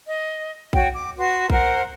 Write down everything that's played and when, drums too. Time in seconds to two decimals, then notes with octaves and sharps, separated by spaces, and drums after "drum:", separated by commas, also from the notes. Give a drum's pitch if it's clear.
0.06 D#5
0.73 F#4 C#5 G5, drum: kick A#1
0.94 D6
1.17 F#4 B4 C6
1.50 A#4 C5 F#5, drum: kick A#1